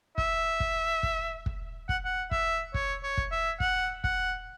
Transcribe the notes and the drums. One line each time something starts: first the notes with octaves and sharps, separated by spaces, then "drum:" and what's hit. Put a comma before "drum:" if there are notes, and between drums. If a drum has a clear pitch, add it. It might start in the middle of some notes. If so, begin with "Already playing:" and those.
E5, drum: kick
drum: kick
drum: kick
drum: kick
F#5, drum: kick
F#5
E5, drum: kick
C#5, drum: kick
C#5
drum: kick
E5
F#5, drum: kick
F#5, drum: kick